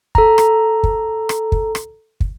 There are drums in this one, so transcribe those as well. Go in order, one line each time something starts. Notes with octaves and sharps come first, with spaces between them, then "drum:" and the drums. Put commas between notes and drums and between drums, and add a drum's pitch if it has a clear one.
A4 A#5, drum: kick
drum: rim click
drum: kick
drum: rim click
drum: kick
drum: rim click
drum: kick